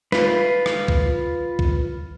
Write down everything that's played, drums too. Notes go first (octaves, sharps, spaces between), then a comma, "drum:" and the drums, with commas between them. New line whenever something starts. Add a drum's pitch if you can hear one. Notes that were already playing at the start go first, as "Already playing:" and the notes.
F4 B4, drum: snare
drum: rim click
drum: kick C2
drum: kick C2